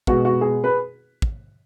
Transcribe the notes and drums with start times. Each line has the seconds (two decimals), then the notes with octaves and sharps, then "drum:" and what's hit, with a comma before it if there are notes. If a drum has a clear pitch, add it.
0.07 B2 G#3 B3 F#4, drum: kick
0.25 F#4
0.41 G#4
0.64 B4
1.22 drum: kick